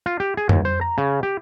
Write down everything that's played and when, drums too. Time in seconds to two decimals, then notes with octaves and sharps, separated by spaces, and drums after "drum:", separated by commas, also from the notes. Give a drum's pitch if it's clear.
0.06 F4
0.20 G4
0.37 G#4
0.49 D#2, drum: tom F2
0.65 C5
0.81 A#5
0.98 C#3
1.23 G4